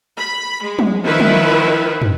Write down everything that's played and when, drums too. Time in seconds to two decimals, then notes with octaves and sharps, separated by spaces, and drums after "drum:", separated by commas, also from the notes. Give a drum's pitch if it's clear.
0.17 B5
0.63 G#3
0.79 drum: tom
1.04 D#3 F3 E4 B4
1.20 drum: tom
2.02 drum: tom